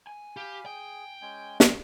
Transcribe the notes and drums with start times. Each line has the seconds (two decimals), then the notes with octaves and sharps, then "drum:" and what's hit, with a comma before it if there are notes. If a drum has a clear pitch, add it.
0.07 G#5
0.37 G4 F5 B5
0.66 G#4 G5
1.22 G#3 C#4 G#5
1.60 drum: snare